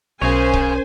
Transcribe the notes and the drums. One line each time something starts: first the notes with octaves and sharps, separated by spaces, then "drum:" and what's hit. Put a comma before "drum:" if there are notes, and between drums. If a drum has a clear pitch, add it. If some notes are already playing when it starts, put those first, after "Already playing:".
B1 C#4 G#4 A#4 C5 C#5 G#5
drum: kick C#1